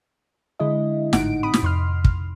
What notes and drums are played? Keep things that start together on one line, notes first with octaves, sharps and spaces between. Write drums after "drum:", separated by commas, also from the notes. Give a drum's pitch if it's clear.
D3 G#3 E4 D#5
G#1 A2 D#4 F#5 D7, drum: snare
C3 B5 D#6
drum: snare
F2 C6 F6
drum: kick